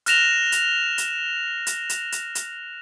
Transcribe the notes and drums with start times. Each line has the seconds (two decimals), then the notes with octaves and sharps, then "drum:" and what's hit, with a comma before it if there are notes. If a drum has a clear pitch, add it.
0.06 F6 F#6 A#6 E7 F7, drum: hi-hat
0.52 drum: hi-hat
0.98 drum: hi-hat
1.67 drum: hi-hat
1.89 drum: hi-hat
2.12 drum: hi-hat
2.35 drum: hi-hat